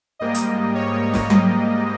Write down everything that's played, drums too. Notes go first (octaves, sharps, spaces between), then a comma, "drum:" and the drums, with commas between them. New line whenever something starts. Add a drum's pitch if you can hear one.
G#2 G3 A#3 D#5
drum: hi-hat
C#5
drum: snare
G#2 G3 A#3 D#5, drum: tom F#3